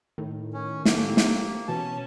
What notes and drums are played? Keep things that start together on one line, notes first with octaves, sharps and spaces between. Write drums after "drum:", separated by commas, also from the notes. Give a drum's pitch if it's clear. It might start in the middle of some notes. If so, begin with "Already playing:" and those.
A2 D#3
C#4
A3 A#3 C4 G4, drum: snare
drum: snare
B2 E3 C#4 A5